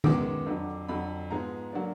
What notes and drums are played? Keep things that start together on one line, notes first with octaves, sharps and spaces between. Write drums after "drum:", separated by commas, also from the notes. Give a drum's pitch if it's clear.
F#2 D#3 G#3 B3 D6, drum: tom D#3
F2 D3 F#3
F2 D3 F#3 B5
G#2 F3 G#3 B3 A#5
D3 F#3 A#3 D5